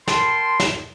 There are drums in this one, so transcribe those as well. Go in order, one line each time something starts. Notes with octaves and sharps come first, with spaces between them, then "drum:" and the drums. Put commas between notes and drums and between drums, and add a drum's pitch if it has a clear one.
A#4 G5 A5 B5 C6, drum: snare
drum: snare